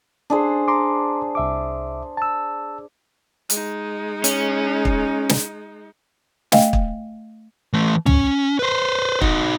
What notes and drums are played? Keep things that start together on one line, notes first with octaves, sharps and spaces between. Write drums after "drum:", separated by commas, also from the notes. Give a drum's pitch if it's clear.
D4 G#4 C5
A#5 C6 D6
C2 E5 D6
A5 E6
G#3 D#4, drum: hi-hat
C#4, drum: hi-hat
drum: kick
drum: snare
A3 D#5 F5 G5 G#5, drum: snare
drum: kick
E3 A3
C#4, drum: tom
B4 C5
D#4 F#4, drum: kick